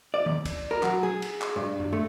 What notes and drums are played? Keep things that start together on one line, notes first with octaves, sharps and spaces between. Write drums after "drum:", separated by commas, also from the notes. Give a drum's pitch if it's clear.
D5
drum: tom D#3
drum: kick, cymbal
A#4
F#3, drum: clap
G#4
drum: cymbal
drum: clap
G2
drum: tom F#2
A3